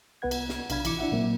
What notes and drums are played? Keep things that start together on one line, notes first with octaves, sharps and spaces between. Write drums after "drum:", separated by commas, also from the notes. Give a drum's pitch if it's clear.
C2 B3 B4 F#5 G#6
drum: cymbal
drum: snare
B1 C3 D4 F5 B5 G#6, drum: cymbal
A1 E3 E4 D6 C#7, drum: cymbal
D4 E4 E5 F#5
A#2 F#3 A#3 C4